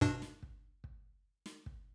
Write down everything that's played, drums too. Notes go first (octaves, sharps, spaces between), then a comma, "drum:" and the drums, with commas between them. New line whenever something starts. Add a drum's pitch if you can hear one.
G2 B2 D4, drum: kick
drum: snare
drum: kick
drum: kick
drum: snare
drum: kick